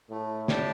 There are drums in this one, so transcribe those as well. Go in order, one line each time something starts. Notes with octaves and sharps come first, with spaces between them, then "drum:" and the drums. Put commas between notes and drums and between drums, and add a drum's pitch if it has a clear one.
A2 A3
D4 G4 D5 A5, drum: snare